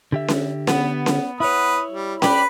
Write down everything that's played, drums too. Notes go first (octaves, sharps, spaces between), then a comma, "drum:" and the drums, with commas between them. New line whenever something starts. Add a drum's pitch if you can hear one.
D3 G4 E5
drum: snare C#4
B3, drum: snare C#4
drum: snare C#4
E4 B4 C#5 D#6
G3
G4 B4 D5 B5, drum: snare C#4